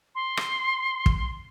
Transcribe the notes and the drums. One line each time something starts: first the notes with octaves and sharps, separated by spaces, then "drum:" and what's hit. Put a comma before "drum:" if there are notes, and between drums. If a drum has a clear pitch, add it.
C6
drum: rim click
drum: kick